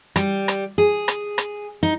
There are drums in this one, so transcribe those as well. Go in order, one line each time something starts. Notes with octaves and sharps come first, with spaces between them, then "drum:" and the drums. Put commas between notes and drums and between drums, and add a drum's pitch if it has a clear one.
G3, drum: rim click
drum: rim click
G#4
drum: rim click
drum: rim click
D#4